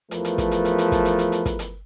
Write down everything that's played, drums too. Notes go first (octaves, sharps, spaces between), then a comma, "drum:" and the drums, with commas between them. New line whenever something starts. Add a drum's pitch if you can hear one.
E2 F3 A3 A#4 B4, drum: hi-hat
drum: hi-hat
drum: kick, hi-hat
drum: hi-hat
drum: hi-hat
drum: hi-hat
drum: kick, hi-hat
drum: hi-hat
drum: hi-hat
drum: hi-hat
drum: kick, hi-hat
drum: hi-hat